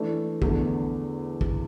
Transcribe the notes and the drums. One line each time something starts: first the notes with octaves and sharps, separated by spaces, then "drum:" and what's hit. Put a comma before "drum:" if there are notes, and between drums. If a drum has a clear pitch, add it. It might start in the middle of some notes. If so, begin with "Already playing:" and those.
Already playing: E3 A3 D4
E2 D3 A3, drum: kick
drum: kick